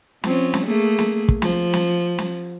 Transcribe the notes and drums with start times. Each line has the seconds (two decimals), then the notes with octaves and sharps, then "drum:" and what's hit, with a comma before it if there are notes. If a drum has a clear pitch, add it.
0.24 F3 C4 C#4, drum: snare
0.54 drum: snare
0.66 A3 A#3 G#4
0.99 drum: snare
1.29 drum: kick
1.42 F3, drum: snare
1.73 drum: snare
2.18 drum: snare